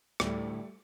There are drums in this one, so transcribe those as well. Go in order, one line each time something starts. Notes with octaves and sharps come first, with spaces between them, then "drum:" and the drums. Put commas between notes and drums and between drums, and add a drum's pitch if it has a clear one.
D2 A2 G3 A3, drum: rim click